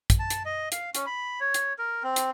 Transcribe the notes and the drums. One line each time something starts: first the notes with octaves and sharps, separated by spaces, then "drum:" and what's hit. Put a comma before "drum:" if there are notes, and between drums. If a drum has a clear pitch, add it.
drum: kick, hi-hat
A5
drum: hi-hat
D#5
F5, drum: hi-hat
C#4, drum: hi-hat
B5
C#5
drum: hi-hat
A#4
C4
drum: hi-hat